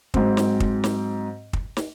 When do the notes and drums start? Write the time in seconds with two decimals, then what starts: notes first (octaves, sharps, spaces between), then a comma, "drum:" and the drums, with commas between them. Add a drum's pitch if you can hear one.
0.14 G#2 F#3 C4, drum: kick
0.37 drum: snare
0.60 drum: kick
0.84 drum: snare
1.53 drum: kick
1.77 drum: snare